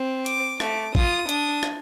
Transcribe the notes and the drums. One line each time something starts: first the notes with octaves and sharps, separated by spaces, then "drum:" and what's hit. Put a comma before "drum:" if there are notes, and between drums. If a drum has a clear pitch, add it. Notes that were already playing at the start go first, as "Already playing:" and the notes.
Already playing: C4
D6, drum: hi-hat
A3 D6, drum: rim click
F4 D#6, drum: kick
D4 D#6, drum: hi-hat
drum: rim click